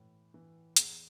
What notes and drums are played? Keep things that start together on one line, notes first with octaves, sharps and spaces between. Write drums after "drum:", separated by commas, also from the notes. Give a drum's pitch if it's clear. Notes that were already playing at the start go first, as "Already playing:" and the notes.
Already playing: A2 E3
E3
E2, drum: hi-hat